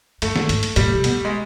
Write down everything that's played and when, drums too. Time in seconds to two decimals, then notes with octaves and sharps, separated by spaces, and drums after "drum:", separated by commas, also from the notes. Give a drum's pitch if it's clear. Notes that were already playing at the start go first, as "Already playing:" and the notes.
0.22 G2 A3, drum: hi-hat
0.36 drum: snare
0.49 G#2, drum: hi-hat
0.63 drum: hi-hat
0.76 A#2 G3, drum: hi-hat
0.94 C3
1.04 B2, drum: hi-hat
1.25 G#3